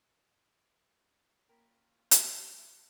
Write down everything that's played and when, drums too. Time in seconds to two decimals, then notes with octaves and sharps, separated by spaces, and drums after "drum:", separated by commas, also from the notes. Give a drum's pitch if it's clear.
1.49 A#3 C#4 F4 A#4 G5 B5
2.11 drum: hi-hat